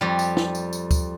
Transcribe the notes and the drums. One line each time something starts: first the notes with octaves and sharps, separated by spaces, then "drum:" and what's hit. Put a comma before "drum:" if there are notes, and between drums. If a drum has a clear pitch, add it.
F2 G3
drum: tambourine
drum: snare
drum: tambourine
drum: tambourine
drum: kick D2, tambourine